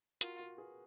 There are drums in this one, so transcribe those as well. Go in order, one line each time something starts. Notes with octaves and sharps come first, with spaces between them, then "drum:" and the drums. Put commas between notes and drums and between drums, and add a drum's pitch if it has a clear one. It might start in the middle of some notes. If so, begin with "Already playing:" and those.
F4 F#4 A#4, drum: hi-hat
F#4 A#4
G#4 B4